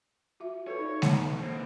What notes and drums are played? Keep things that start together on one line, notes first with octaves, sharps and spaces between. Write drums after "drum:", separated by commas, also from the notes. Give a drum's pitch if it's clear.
F4 F#4 E5
A4 B4 C#5
D#4 D5
B1 F3 D#4, drum: snare G#3
A#3 C4